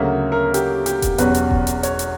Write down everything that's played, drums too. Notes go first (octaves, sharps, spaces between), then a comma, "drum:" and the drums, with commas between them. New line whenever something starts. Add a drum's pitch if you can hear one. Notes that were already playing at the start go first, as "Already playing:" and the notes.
Already playing: D2 C#3 F#3 A#3 E5
A#4
G4, drum: hi-hat
G4, drum: hi-hat
drum: kick E1, hi-hat
E2 B2 F#3 C#4 B4, drum: hi-hat
drum: hi-hat
drum: kick E1
drum: hi-hat
C#5, drum: hi-hat
drum: hi-hat